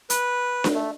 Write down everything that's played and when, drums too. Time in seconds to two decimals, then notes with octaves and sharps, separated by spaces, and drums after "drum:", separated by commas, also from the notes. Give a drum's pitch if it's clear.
0.10 B4, drum: hi-hat
0.64 drum: snare D4
0.75 A3